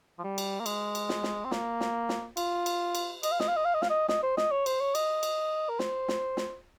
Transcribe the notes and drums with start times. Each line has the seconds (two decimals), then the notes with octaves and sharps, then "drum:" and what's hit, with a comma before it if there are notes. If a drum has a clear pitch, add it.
0.19 F3
0.24 G3
0.38 drum: cymbal
0.60 A#3
0.66 G#3, drum: cymbal
0.95 drum: cymbal
1.09 drum: snare
1.23 drum: snare
1.45 C4
1.51 A#3, drum: snare
1.80 drum: snare
2.09 drum: snare
2.37 F4, drum: cymbal
2.66 drum: cymbal
2.95 drum: cymbal
3.23 D#5, drum: cymbal
3.32 F5
3.40 D#5, drum: snare
3.48 F5
3.56 D#5
3.65 F5
3.74 D#5
3.82 F5, drum: snare
3.90 D#5
4.08 D#5, drum: snare
4.23 C5
4.37 D#5, drum: snare
4.51 C#5
4.66 C5, drum: cymbal
4.81 C#5
4.95 D#5, drum: cymbal
5.23 drum: cymbal
5.69 A#4
5.79 C5, drum: snare
6.08 drum: snare
6.37 drum: snare